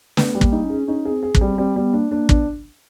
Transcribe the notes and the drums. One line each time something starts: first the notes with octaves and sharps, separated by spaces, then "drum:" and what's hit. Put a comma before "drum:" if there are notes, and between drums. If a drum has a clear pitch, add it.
A3 B3, drum: snare
G3
A#3, drum: kick
D#4
C#4
G#4
C#4 D#4
G#4
C4
G#4
C4, drum: kick
G3
G3 C4
G3 B3
A#3 D4
A#3 D4
B3 D4, drum: kick